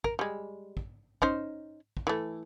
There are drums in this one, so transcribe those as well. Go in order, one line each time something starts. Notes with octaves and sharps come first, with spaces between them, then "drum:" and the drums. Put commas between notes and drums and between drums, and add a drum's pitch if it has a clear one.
A#4, drum: kick
G3 G#3
drum: kick
C#4 D#4 C5, drum: kick
drum: kick
E3 A3